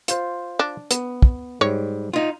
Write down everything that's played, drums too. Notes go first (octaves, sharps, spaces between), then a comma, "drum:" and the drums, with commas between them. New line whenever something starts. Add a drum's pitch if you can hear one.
F4 C5, drum: hi-hat
D4
B3, drum: hi-hat
drum: kick
G#2 G3 C#5
D#4 F4